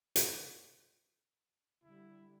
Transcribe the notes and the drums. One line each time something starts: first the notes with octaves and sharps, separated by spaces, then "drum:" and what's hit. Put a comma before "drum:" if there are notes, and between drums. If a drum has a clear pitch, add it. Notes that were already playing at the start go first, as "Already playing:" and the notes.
drum: hi-hat
D3 G3 E4